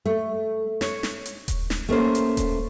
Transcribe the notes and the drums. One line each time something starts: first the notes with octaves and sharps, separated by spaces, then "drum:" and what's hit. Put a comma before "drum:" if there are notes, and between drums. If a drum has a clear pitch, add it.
A3
C#5, drum: snare
drum: snare
drum: hi-hat
drum: kick D#1, hi-hat
drum: snare
A3 A#3 C#4 C5
drum: hi-hat
drum: kick D#1, hi-hat